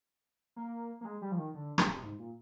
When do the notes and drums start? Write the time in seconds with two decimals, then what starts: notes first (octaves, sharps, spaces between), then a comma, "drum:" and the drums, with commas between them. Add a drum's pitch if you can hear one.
0.56 A#3
1.01 A#3
1.05 G#3
1.21 G3
1.31 F3
1.38 D#3
1.54 D3
1.78 C3, drum: rim click
1.86 A#2
1.95 C3
2.03 G#2
2.19 A#2